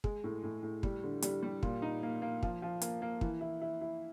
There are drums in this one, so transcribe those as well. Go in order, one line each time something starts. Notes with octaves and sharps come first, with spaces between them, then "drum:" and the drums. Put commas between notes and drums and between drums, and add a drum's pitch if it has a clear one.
G#3, drum: kick
A2
A2
A2
G3, drum: kick
D3
G3, drum: hi-hat
G3
A#2, drum: kick
D#4
A#3
A#3
F3, drum: kick
F3
A#3, drum: hi-hat
A#3
E3, drum: kick
E4
E4
E4